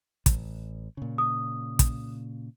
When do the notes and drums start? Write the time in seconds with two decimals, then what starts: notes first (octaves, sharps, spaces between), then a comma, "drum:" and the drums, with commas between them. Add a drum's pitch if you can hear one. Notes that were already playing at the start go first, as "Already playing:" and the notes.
0.26 A1, drum: kick, hi-hat
0.97 A#2 C#3
1.18 D#6
1.79 drum: kick, hi-hat